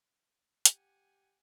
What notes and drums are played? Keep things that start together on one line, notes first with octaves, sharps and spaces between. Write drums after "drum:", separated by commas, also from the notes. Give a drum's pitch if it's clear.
G4 F#5 G#5, drum: hi-hat